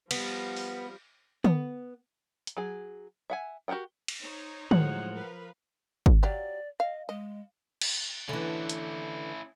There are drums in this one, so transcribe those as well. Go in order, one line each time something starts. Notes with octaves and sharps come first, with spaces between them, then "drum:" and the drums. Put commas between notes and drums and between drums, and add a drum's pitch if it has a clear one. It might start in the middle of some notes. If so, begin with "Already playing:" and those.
F3 G3 B3, drum: cymbal
drum: open hi-hat
B3, drum: tom
drum: hi-hat
F#3 G#4
E5 F#5 G#5
F#4 G4 A#4 F#5 G5
drum: cymbal
D#4 C5 C#5
A2 F3 F#3 G#3 F#5, drum: tom
A#4 B4 F5
drum: kick
F#3 G4 D5 F5
D#5 F5
G#3 D#5
drum: cymbal
D3 E3 C#4 E4
drum: hi-hat